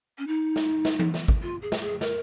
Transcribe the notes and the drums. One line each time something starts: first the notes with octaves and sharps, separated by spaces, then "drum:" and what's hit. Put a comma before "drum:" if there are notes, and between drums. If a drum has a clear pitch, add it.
C#4
D#4
drum: snare
drum: snare
drum: tom E3
drum: snare
drum: kick
F4
G#4
drum: snare
G#4
A#4, drum: snare